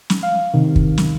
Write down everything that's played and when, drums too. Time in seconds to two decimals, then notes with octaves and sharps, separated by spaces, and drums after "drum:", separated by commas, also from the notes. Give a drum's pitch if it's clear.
0.10 drum: snare
0.23 F5
0.54 C3 D#3
0.76 drum: kick
0.98 drum: snare